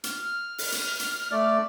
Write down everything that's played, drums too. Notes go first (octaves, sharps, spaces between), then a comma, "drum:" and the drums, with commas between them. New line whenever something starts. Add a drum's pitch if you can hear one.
F6, drum: hi-hat
F6
drum: open hi-hat
drum: hi-hat
drum: hi-hat
A3 D5